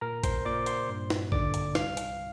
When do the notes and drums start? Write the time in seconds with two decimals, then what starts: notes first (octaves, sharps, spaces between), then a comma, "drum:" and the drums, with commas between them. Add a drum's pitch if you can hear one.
0.01 A#2 A#4 A#5
0.24 C5 C6, drum: kick A#1, hi-hat
0.45 A#2 D5 D6
0.66 C5 C6, drum: hi-hat
0.89 G2
1.10 drum: snare
1.32 D3 D5 D6, drum: kick A#1
1.54 drum: hi-hat
1.75 C2 F5 F6, drum: snare
1.97 drum: hi-hat